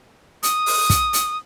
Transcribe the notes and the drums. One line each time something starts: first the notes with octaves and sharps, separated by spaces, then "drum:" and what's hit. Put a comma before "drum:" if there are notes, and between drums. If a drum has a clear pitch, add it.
D#6, drum: hi-hat
drum: open hi-hat
drum: kick, hi-hat
drum: hi-hat